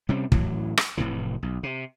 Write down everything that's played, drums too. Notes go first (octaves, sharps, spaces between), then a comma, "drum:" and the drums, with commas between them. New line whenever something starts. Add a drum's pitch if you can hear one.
C3 G3 C4 C#4
A2 E3 F#3, drum: kick
drum: rim click
F1 A2 C3 E3
B1
C3